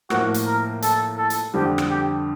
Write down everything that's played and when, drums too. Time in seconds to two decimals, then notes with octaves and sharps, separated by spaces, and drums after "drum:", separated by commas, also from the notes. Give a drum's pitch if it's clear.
0.10 A2 F3 A#3 F#4, drum: rim click
0.34 drum: hi-hat
0.46 A#4
0.82 A4, drum: hi-hat
1.18 A4
1.30 drum: hi-hat
1.54 F2 D3 G3 G4
1.78 drum: rim click
1.90 G4